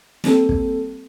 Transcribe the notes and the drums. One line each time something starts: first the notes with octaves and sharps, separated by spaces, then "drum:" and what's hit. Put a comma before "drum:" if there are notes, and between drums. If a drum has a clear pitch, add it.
G3 A#3 C4 A4, drum: snare
drum: kick